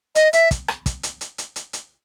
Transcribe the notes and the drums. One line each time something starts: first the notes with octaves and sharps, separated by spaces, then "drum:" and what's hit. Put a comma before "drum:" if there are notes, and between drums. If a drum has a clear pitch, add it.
D#5, drum: hi-hat
E5, drum: hi-hat
drum: kick, hi-hat
drum: rim click
drum: kick, hi-hat
drum: hi-hat
drum: hi-hat
drum: hi-hat
drum: hi-hat
drum: hi-hat